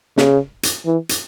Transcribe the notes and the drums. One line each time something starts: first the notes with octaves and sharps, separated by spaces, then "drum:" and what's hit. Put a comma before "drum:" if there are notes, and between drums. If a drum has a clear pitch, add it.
C#3, drum: snare
drum: hi-hat
E3
drum: hi-hat